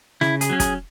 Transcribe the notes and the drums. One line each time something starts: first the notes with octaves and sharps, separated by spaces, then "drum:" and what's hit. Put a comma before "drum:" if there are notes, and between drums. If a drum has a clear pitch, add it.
C#3 E4, drum: snare
G#4, drum: hi-hat
F#3 C#4
G#4, drum: kick, hi-hat